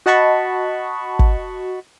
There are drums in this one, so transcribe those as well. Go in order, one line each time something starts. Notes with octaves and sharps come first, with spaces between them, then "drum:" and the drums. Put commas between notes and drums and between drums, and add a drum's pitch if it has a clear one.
F#4 D#5 F#5 A5 B5 C#6
drum: kick